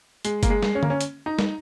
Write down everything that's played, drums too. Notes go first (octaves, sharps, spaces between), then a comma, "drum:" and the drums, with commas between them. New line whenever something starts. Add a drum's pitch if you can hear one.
G#3, drum: hi-hat
A#3, drum: kick F#1, hi-hat
G#3
drum: snare
C#4
A#3, drum: tom D3
C#4
drum: hi-hat
D#4
drum: snare